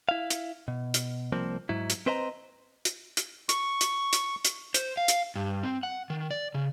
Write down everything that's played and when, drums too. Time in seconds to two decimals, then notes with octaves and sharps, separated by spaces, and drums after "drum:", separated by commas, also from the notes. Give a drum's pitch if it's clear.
0.09 E4 F5
0.30 drum: hi-hat
0.68 B2
0.94 drum: hi-hat
1.32 C2 F3 A#3 C4
1.69 G#2 F#3 E4
1.90 drum: hi-hat
2.06 C4 B4 C5 D#5 F5 A#5
2.85 drum: hi-hat
3.17 drum: hi-hat
3.49 C#6, drum: hi-hat
3.81 drum: hi-hat
4.13 drum: hi-hat
4.45 drum: hi-hat
4.74 C5, drum: hi-hat
4.97 F5
5.08 drum: hi-hat
5.35 G2
5.63 C4
5.83 F#5
6.10 D#3
6.30 D5
6.54 C#3